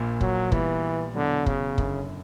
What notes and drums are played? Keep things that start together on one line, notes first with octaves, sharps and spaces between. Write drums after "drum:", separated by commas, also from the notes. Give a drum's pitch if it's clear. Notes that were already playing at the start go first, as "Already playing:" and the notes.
Already playing: A#1 A#2 A#3
F#3, drum: kick
A#2 E3 G3 B3, drum: kick
E2 B2 D3 F#3
C#3, drum: kick
F#1 F#2 D3, drum: kick